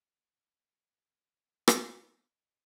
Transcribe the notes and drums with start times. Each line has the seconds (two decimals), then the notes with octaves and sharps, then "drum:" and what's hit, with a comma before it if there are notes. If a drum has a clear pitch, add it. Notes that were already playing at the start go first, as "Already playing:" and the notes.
0.23 B4
0.48 F#4
1.68 drum: rim click
1.87 C#4
2.09 C4
2.27 B2